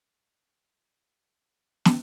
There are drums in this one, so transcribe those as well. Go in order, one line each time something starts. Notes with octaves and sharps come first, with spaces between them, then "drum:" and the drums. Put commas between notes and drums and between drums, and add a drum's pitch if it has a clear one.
D#4 D5 C6 D6
D#3 E3 B5
A3 D4 C5 D#5 F#5
drum: snare